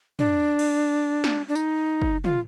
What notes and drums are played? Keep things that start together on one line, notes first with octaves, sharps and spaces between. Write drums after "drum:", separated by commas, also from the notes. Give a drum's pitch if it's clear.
D4, drum: tom
drum: cymbal
drum: snare
D4
D#4, drum: tambourine
drum: kick
F4, drum: tom